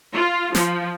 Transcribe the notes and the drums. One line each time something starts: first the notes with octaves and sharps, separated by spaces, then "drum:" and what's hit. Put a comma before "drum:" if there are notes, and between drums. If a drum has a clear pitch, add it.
F4
F3, drum: snare